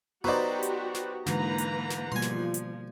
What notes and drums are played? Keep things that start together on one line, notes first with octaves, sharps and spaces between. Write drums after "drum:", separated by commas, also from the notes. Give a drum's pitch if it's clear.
F#3 B3 D#4 F#4 G4 B4 C5 D5
drum: hi-hat
drum: snare
G#2 D3 E3 A#3 B4 A#5, drum: snare
drum: hi-hat
drum: snare
B2 F3 G3 A#3 G#5 C6
drum: snare
drum: hi-hat